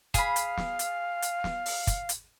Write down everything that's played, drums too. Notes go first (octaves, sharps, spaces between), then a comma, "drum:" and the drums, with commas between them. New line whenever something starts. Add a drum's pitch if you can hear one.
G#4 F5 B5, drum: kick, hi-hat
drum: hi-hat
drum: snare
drum: hi-hat
drum: hi-hat
drum: snare
drum: open hi-hat
drum: kick, hi-hat
drum: hi-hat